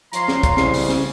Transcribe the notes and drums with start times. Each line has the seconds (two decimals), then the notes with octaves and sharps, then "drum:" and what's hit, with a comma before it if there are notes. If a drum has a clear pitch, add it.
0.13 F3 C#5 F5 A#5 C6, drum: hi-hat
0.28 drum: snare
0.43 drum: kick, hi-hat
0.57 C2 C#3, drum: snare
0.74 drum: open hi-hat
0.89 drum: snare